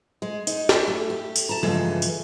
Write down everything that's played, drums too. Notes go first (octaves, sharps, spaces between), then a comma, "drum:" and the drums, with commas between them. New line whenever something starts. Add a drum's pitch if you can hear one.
G#3
D#4, drum: tambourine
drum: snare
A3
G4
drum: tambourine
A5 A#5
G2 C#3 E3 F3 G#3 A3
drum: tambourine